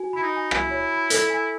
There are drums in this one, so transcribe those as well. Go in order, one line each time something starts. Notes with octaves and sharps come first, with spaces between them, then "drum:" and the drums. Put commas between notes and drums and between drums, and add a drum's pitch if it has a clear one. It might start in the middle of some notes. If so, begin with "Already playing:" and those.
Already playing: F#4 G#5
E4 B5
D#4
G#5
E4 G#5, drum: rim click
C#5
B5
A4, drum: hi-hat
G#5